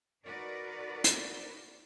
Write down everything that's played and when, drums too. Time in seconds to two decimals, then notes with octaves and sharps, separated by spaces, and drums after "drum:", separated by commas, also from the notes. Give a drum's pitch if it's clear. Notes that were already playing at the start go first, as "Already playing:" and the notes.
0.25 D#4 F#4 A#4 B4 D5
1.04 drum: hi-hat